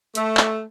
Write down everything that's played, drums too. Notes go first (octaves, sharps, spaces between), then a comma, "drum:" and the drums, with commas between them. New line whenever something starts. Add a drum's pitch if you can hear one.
A3, drum: hi-hat
drum: clap